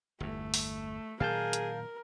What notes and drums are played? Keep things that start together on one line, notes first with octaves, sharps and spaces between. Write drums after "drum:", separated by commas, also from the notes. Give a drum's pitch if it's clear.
G1 E2 A3
drum: open hi-hat
A#2 D#3 F#3 G#4 A#4 F5 A5 G6
drum: hi-hat